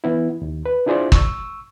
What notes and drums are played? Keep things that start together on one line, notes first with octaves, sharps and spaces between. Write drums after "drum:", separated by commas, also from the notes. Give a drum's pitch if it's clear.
E3 B3 E4
D#2
B4
D4 E4 F4 G#4 C5 D5
C#6 E6, drum: kick